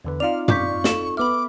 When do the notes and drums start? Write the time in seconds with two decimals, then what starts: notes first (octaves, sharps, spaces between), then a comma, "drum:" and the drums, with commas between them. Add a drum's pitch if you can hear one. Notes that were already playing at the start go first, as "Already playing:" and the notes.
0.05 E2 D3 B4
0.20 C4 D#4 F4 D5 F5 F6 F7
0.48 C#6 D6 G6 B6, drum: tom
0.84 A4 E7, drum: snare
1.17 B3 E5 B5 D6 F6